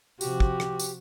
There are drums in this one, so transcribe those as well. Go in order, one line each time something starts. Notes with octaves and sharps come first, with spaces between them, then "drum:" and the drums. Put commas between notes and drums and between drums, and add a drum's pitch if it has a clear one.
C3 F3 F#4 G4, drum: tambourine
drum: kick
drum: rim click
drum: tambourine